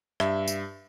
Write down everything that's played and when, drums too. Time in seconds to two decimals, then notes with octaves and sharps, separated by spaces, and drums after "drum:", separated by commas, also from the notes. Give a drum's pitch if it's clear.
0.20 G2 E5, drum: rim click
0.48 drum: tambourine